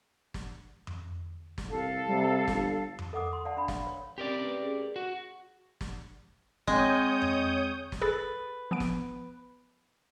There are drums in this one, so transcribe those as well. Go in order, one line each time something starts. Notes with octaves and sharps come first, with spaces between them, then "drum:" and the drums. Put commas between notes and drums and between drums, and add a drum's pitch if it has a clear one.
drum: snare
drum: tom F2
drum: snare
C2 A4 F5
C3 G3
G1, drum: snare
drum: tom F2
A4 D#5 F#5 D6 D#6
C6
D5 F5 F#5 A5
D4 D5 B5
F5, drum: snare
C#5
C4 C#4 G4 A#4 D5
A3 C#4 B4
G#4
F#4 F#5 C#6
drum: snare
G#3 C4 C#5 D#5 G5 D#6 G6, drum: snare
drum: tom F2
drum: snare
G#4 A4 B4 A6
F3 B3 D7
drum: snare